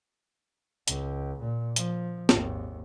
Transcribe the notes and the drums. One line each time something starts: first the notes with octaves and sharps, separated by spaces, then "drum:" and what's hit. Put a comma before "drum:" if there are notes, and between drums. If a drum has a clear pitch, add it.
C#2, drum: hi-hat
A#2
F3, drum: hi-hat
G#1 D#2, drum: snare